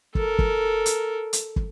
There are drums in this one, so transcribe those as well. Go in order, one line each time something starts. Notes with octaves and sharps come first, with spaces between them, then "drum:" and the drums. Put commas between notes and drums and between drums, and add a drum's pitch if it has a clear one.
A4 A#4, drum: kick
drum: kick
drum: hi-hat
drum: hi-hat
drum: kick